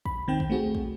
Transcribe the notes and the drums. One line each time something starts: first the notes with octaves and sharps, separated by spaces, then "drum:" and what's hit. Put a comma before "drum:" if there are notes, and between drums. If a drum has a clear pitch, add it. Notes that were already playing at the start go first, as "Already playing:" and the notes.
B5, drum: kick
D#3 C4 G5
drum: kick
A3 C4 F#4 G#4
drum: kick